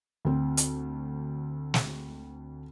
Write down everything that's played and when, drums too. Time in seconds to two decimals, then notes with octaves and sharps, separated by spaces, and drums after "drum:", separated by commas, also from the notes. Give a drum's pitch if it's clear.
0.25 D2 C4
0.57 drum: hi-hat
1.74 drum: snare